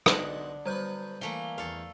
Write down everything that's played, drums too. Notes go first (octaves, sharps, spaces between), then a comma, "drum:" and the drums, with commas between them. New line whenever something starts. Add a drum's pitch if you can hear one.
B1 D3 D4 D#5 F#5, drum: rim click
F#3 G3 B3 C5 G6
E3 A3 A#3 F5 G7
E2 A4 F5